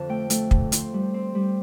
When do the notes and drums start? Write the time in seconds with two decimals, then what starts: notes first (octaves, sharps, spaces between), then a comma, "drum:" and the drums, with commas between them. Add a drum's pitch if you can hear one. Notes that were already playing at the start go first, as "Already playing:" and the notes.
Already playing: F2 D3 A5
0.09 A3 G5
0.30 A3, drum: hi-hat
0.51 D3, drum: kick
0.72 C4, drum: hi-hat
0.94 G3
1.14 C4
1.35 G3